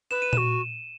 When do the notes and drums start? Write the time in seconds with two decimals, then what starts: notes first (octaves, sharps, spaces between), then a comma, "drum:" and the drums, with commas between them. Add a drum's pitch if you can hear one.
0.11 B4 E7
0.22 D#7
0.33 F#4 E7, drum: tom A#2